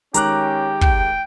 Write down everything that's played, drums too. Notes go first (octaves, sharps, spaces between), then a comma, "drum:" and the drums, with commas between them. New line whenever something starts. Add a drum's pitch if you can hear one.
D#3 G#3 C#4 G4 A#5 D6 F#6, drum: hi-hat
G5, drum: kick